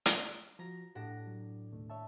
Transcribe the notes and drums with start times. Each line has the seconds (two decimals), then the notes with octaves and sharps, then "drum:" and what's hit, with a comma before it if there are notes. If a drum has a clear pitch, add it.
0.06 drum: hi-hat
0.59 F3 F#4 A#5 A#6
0.95 A2 D4 G4 F#5 A#6
1.27 F#3
1.72 D#2 B2 A3
1.90 C#5 E5 A5